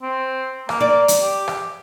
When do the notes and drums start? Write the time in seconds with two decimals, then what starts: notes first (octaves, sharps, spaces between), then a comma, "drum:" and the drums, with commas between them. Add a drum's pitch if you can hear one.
0.02 C4
0.69 A#3, drum: rim click
0.81 D5
1.08 drum: hi-hat
1.22 G4
1.48 drum: rim click